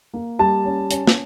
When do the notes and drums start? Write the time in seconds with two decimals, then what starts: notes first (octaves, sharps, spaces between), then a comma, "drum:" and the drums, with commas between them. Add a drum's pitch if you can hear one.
0.14 A#3
0.39 G3 A5
0.65 C#4
0.91 C#4, drum: hi-hat
1.07 drum: snare